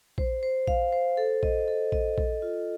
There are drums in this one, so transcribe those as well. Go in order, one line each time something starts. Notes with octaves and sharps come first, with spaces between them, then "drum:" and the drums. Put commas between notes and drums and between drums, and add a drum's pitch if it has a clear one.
C5, drum: kick A#1
C5
F5, drum: kick A#1
C5
A4
D#5, drum: kick A#1
A4
D#5, drum: kick A#1
A4, drum: kick A#1
F4